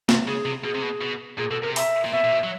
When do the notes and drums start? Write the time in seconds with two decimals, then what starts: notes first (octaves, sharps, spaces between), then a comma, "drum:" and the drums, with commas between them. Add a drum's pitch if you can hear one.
0.09 C3, drum: snare
0.27 C#3 G#4
0.45 C3
0.64 B2 G#4
0.75 C3
0.82 B2
1.01 B2
1.38 A#2 G#4
1.51 B2 A4
1.63 C3 A#4
1.76 E5, drum: open hi-hat
2.05 A#2
2.13 B2 E5
2.24 A#2
2.32 B2
2.44 F#3